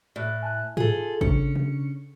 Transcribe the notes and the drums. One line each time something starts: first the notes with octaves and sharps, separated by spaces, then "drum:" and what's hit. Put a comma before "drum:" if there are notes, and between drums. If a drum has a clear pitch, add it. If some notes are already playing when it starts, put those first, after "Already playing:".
A2 D5 F#6
G#5 A5 F#6
F4 G#4 A4, drum: tom G#2
C#3 C#4 D4 C#7, drum: kick
drum: tom B2